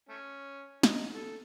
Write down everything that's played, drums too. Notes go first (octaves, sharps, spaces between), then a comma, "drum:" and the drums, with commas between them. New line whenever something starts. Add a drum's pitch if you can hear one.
A3 C#4
D#4, drum: snare
A4